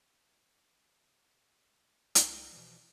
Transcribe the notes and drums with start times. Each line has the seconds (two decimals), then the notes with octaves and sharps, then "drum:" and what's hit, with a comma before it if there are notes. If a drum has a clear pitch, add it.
2.15 C2 D#4, drum: hi-hat
2.53 B2 E3 F3